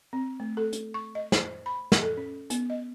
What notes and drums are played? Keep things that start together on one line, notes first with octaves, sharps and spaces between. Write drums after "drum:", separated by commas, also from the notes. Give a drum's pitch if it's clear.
C4
A3
A4
drum: hi-hat
C#6
D#5
C5, drum: snare
B5
drum: snare
A4
C#4
B3, drum: hi-hat
D#5